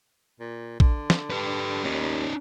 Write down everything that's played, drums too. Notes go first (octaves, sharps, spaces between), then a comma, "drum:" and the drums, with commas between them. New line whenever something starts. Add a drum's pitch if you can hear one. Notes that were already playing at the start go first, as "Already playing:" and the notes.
A#2
D3, drum: kick A#1
drum: snare
G4 B4
D#2 C#4 D#4